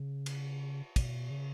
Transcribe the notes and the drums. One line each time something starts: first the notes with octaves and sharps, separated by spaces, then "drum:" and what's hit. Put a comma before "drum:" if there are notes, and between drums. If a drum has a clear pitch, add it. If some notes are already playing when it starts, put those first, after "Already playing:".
Already playing: C#3
drum: cymbal
B2, drum: kick, cymbal
C#3